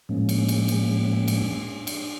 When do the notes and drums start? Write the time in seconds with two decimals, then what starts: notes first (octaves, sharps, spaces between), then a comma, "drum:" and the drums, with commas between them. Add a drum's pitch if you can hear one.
0.09 A2 F3 G#3 A#3 C#4
0.29 drum: cymbal
0.48 drum: cymbal
0.68 drum: cymbal
1.28 drum: cymbal
1.87 drum: cymbal